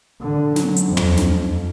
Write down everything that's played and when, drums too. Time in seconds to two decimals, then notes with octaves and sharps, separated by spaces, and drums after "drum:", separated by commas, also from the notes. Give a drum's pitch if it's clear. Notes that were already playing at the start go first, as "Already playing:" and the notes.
0.21 D3
0.56 F#3, drum: snare
0.76 drum: hi-hat
0.87 F2
0.97 drum: tom
1.17 drum: snare